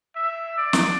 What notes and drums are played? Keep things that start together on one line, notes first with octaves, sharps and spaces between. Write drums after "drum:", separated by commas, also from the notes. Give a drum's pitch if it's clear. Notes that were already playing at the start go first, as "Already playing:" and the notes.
E5
D5
drum: snare